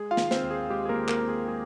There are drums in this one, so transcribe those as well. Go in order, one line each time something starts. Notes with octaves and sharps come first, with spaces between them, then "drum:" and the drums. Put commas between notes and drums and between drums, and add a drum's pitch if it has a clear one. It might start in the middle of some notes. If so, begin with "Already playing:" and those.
Already playing: G#3 G#4
F4 F5
D#3, drum: snare
C4 C5, drum: snare
D#2
G#4
G#3 G4
G#4
A#3 A#4
D#2
A#3 A#4, drum: clap
C4
G#4
G#3 G#4